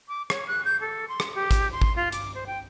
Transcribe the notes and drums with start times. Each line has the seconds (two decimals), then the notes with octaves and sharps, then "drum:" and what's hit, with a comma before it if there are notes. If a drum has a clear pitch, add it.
0.08 D6
0.30 C#5, drum: rim click
0.47 F#6
0.65 G6
0.81 A4
1.09 C6
1.20 drum: rim click
1.34 G4
1.51 drum: kick, hi-hat
1.72 C6
1.82 drum: kick
1.96 F4
2.12 D6, drum: hi-hat
2.35 C5
2.47 G5